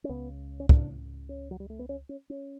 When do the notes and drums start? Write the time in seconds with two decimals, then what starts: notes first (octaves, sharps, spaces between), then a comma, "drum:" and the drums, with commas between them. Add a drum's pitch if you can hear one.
0.04 C#4
0.09 C#2 C#3 B3
0.60 C#4
0.69 D4, drum: kick
1.29 C#4
1.51 F#3
1.60 G3
1.70 A3
1.79 B3
1.89 C#4
2.09 C#4
2.30 C#4